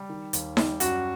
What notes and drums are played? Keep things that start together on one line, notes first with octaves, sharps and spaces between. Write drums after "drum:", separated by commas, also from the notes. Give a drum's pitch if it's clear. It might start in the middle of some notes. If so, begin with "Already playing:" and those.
Already playing: G3
D#3
D#2, drum: hi-hat
G3, drum: snare D#4
F#2 F#4, drum: hi-hat